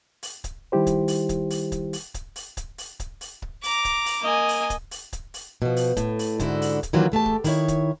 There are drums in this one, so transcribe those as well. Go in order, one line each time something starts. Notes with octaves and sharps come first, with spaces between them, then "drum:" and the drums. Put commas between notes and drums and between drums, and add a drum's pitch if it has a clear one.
drum: open hi-hat
drum: kick C#1, hi-hat
D#3 G3 E4 G4 C5
drum: kick C#1, hi-hat
drum: open hi-hat
drum: kick C#1, hi-hat
drum: open hi-hat
drum: kick C#1, hi-hat
drum: open hi-hat
drum: kick C#1, hi-hat
drum: open hi-hat
drum: kick C#1, hi-hat
drum: open hi-hat
drum: kick C#1, hi-hat
drum: open hi-hat
drum: kick C#1
A#5 D6, drum: open hi-hat
drum: kick C#1, hi-hat
drum: open hi-hat
A#3 D#5 G#5
drum: open hi-hat
drum: kick C#1, hi-hat
drum: open hi-hat
drum: kick C#1, hi-hat
drum: open hi-hat
B2 F3
drum: open hi-hat
A2, drum: kick C#1, hi-hat
drum: open hi-hat
G#2 D3 E4 F#4, drum: kick C#1, hi-hat
drum: open hi-hat
drum: kick C#1, hi-hat
D#3 E3 F#3 G3 A#3 F4
E2 A3 G4 A5
drum: kick C#1
D#3 E4 C#5, drum: open hi-hat
drum: kick C#1, hi-hat